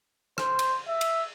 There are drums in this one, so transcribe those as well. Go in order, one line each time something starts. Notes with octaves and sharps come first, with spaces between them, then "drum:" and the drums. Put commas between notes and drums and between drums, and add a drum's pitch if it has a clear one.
C5, drum: rim click
drum: cymbal
E5
drum: cymbal